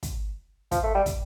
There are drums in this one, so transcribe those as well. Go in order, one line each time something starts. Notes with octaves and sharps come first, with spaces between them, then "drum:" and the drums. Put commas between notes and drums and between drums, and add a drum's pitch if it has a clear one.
drum: kick, hi-hat
F3, drum: kick, hi-hat
A3
G3
drum: kick, hi-hat